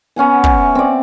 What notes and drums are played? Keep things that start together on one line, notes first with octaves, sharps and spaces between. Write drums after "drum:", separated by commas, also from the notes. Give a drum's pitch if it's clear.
B3 C#4 F#5 G#5
E5, drum: kick
C4 D5